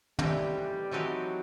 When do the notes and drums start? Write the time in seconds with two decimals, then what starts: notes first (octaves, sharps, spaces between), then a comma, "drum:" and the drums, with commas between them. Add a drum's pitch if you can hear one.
0.19 E3 G3 A3 C4 D#4 G4, drum: tom
0.91 E3 F#3 A3 C4 D#4 G4